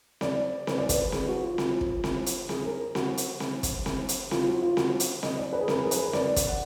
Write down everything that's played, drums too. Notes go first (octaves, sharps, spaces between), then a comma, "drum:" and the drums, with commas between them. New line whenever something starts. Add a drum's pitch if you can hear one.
D5, drum: snare C4
B4, drum: snare C4
D5
B4, drum: kick, hi-hat
G#4, drum: snare C4
F#4
F4
drum: snare C4
drum: kick
drum: snare C4
drum: hi-hat
G#4, drum: snare C4
A#4
F#4, drum: snare C4
drum: hi-hat
drum: snare C4
drum: kick, hi-hat
drum: snare C4
drum: hi-hat
F4, drum: snare C4
F#4
F4
F#4, drum: snare C4
drum: hi-hat
D#5, drum: snare C4
D5
B4
G#4
A#4, drum: snare C4
G#4
B4, drum: hi-hat
A#4
D5, drum: snare C4
drum: kick, hi-hat
F#5